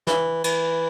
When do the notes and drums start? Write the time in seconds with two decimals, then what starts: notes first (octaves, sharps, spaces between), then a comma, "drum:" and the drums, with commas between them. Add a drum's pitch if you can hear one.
0.07 E3, drum: snare
0.44 E3, drum: cymbal